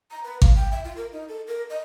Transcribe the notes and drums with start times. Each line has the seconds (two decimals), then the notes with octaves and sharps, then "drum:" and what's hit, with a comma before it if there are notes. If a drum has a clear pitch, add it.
0.11 A#5
0.24 B4
0.42 F5, drum: kick G#1
0.56 G5
0.72 E5
0.84 F4
0.97 A#4
1.12 D#4
1.28 A4
1.47 A#4
1.70 D#5